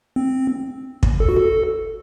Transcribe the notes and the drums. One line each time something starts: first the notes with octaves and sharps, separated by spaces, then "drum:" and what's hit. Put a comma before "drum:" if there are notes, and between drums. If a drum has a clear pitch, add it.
C4
drum: kick
A4
F#4
A4